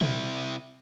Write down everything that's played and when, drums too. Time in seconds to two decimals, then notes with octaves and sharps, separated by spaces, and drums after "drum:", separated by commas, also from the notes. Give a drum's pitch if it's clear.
0.01 C3 E4, drum: tom